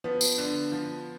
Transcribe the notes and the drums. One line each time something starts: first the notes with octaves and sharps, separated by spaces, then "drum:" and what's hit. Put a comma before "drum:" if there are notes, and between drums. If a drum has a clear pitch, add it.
F3 B3
drum: tambourine
D3
F3